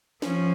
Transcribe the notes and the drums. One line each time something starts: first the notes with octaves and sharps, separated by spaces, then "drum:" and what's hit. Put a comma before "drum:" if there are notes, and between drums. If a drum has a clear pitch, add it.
F3 C#4, drum: snare